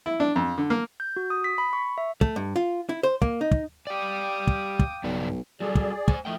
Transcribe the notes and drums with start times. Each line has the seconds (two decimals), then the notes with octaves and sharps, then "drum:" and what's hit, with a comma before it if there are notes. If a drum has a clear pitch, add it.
0.06 E4
0.20 D4
0.36 F2
0.58 D3
0.70 A#3
1.00 G6
1.16 F#4
1.30 D#6
1.44 B6
1.58 B5
1.73 C#6
1.98 E5
2.21 A3, drum: kick
2.36 G2
2.56 F4
2.89 E4
3.03 C5
3.22 A#3, drum: kick
3.41 D#4
3.51 drum: kick
3.87 G4 D5 F5 G5 D6 D#6
4.47 drum: kick
4.79 drum: kick
5.04 B1 G2 C#3 D5
5.60 F#3 G3 G#4 A4 D5
5.75 drum: kick
6.08 C5 G#5, drum: kick
6.25 F3 A3 D#5 G5